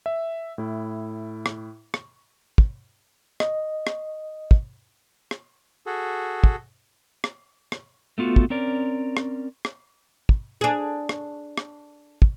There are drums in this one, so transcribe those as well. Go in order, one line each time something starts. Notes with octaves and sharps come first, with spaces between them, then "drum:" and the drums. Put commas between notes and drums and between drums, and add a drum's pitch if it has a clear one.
E5
A2 E4
drum: rim click
drum: rim click
drum: kick
D#5, drum: rim click
drum: rim click
drum: kick
drum: rim click
F#4 G#4 A4
drum: kick
drum: rim click
drum: rim click
A3 B3 F4 F#4
drum: kick
C4 C#4 A#4 D5
drum: rim click
drum: rim click
drum: kick
D4 G#4
drum: rim click
drum: rim click
drum: kick